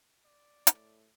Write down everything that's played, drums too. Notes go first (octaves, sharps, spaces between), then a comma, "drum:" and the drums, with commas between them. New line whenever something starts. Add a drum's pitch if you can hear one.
D5
A2, drum: hi-hat